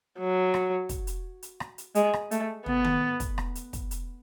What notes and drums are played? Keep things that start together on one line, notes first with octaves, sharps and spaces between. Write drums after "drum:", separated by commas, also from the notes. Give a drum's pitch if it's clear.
F#3
drum: rim click
drum: kick, hi-hat
drum: hi-hat
drum: hi-hat
drum: rim click
drum: hi-hat
G#3, drum: hi-hat
drum: rim click
A3, drum: hi-hat
B3, drum: tom
drum: tom D#3
drum: kick, hi-hat
drum: rim click
drum: hi-hat
drum: kick, hi-hat
drum: hi-hat